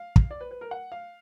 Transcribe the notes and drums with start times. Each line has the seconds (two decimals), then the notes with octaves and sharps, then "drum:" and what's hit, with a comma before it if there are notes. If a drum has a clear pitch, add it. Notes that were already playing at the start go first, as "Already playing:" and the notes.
Already playing: F5
0.16 drum: kick
0.31 D5
0.41 B4
0.51 B4
0.61 A#4
0.71 F#5
0.92 F5